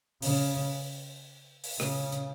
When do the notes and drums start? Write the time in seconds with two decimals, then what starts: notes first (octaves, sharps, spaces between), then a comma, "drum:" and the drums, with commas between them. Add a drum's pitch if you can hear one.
0.22 C#3, drum: open hi-hat
1.64 drum: open hi-hat
1.80 C#3, drum: rim click
2.12 drum: hi-hat